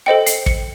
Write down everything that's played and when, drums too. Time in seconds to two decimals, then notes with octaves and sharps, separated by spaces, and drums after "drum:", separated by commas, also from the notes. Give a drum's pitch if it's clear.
0.06 A4 C5 D#5 G5 C#7
0.26 C7, drum: hi-hat
0.46 C#7, drum: kick